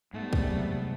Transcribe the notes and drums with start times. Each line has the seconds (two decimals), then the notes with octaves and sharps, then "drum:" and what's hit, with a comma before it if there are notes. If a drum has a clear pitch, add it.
0.13 G#2 G3 A3 B3
0.33 drum: kick
0.47 C3 F#3